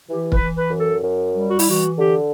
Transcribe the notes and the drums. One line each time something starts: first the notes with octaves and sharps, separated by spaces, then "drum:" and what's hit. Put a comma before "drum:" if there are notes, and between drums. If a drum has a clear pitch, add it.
E3 G4
B4, drum: kick
E3
B4
F#2
A4
F#2
G3
F#4
E4, drum: open hi-hat
E3 F#4
D3 G4